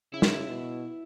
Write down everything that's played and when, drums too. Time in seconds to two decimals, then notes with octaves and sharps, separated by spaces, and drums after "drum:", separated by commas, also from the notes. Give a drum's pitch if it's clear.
0.13 C#3 E4
0.22 drum: snare
0.49 B2